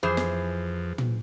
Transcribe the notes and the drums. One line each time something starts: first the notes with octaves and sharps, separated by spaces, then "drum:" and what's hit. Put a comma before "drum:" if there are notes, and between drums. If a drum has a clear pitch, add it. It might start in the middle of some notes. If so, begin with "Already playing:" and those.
F2 E3 G#4 C5
drum: snare
drum: tom